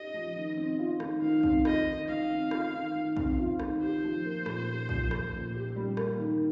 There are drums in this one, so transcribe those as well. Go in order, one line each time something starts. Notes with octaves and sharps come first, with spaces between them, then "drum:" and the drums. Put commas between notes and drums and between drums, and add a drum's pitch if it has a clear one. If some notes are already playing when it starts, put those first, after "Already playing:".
Already playing: D#4 G4 D#5
F3
D#3
C4
F4
D#3, drum: rim click
D#3 F5
C4, drum: kick A#1
F4 D#5, drum: rim click
D#3
D#3 F5
C4
F4, drum: rim click
D#3
D#3
C4, drum: kick A#1
F4
D#3, drum: rim click
G4 C5
F3
A#3
A#2, drum: rim click
G4
F3, drum: kick A#1
A#3, drum: rim click
A#2
G4
G3
A#3, drum: rim click
D#3